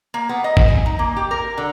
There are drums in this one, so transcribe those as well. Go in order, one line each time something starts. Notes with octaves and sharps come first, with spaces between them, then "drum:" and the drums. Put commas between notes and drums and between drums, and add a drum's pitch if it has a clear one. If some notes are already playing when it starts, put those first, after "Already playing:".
A#3
B3
D#5
drum: kick G#1
G#5
D#4
A#3
G4
A#4
D3